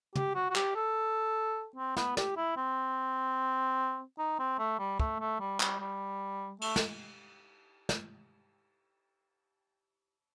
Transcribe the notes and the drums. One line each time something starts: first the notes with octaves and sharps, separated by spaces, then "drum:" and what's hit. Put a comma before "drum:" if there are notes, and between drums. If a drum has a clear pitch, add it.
G4, drum: tom
F#4
F#4
G4, drum: clap
A4
C4
B3, drum: snare
G4, drum: snare
E4
C4
D#4
C4
A3
G3
A3, drum: kick
A3
G3
G3, drum: clap
G3
A3, drum: cymbal
drum: snare
drum: snare